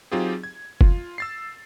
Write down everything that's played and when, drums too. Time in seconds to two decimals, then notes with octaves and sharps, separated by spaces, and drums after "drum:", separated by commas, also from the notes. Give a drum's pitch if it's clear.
0.12 F#3 C4 D#4 F4 G4 G#4
0.44 G#6
0.81 F4, drum: kick F#1
1.18 E6 A6 C7